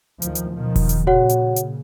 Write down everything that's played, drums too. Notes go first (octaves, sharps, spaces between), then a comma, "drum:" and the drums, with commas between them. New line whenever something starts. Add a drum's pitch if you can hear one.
D2 D#3 F3, drum: hi-hat
drum: hi-hat
B2 D#3 F3
drum: kick E1, open hi-hat
drum: hi-hat
A#1 A#2 C#3 F#4 C#5 F#5
drum: hi-hat
drum: hi-hat